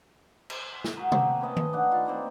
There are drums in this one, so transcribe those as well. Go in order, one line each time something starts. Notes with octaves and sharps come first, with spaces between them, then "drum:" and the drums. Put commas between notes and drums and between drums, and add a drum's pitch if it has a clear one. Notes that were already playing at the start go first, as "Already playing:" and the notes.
drum: cymbal
drum: snare
F#4 G#4 A#4
A3 A#3 C4 G5, drum: tom C3
C#4 B4 D#5 A5
drum: tom D#3
D4 D#4 F#5
F4
D#3 E3 A#3 C4